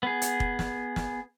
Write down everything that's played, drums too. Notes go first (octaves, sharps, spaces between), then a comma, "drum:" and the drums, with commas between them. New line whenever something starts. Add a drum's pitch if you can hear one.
B3 G#4
drum: hi-hat
drum: kick F1
drum: snare
drum: snare